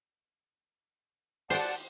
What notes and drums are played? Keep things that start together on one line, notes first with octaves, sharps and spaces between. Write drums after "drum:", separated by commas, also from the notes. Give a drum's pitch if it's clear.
C5 D5 F#5 G5 A5, drum: open hi-hat